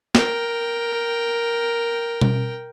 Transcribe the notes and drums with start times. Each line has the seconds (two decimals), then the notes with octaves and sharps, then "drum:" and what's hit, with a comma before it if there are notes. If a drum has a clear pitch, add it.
0.15 A#4 G5, drum: snare
2.21 drum: tom B2